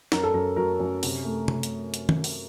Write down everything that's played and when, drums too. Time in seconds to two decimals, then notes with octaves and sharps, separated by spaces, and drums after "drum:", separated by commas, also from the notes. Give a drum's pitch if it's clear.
0.12 F#2 A#4, drum: snare
0.23 A4
0.34 F#2 A#4
0.56 F#3 A#4
0.80 F#2
1.03 C3, drum: open hi-hat
1.25 A3
1.48 drum: tom C3
1.63 drum: hi-hat
1.94 drum: hi-hat
2.09 drum: tom D#3
2.24 drum: open hi-hat